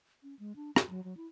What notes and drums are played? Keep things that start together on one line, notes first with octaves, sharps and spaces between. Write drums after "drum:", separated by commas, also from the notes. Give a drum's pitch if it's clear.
C#4
G#3
D4
F#4, drum: rim click
F#3
F#3
E4